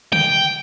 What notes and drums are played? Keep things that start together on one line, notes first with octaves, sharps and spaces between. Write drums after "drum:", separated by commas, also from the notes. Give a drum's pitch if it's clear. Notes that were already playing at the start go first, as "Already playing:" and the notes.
G5, drum: tom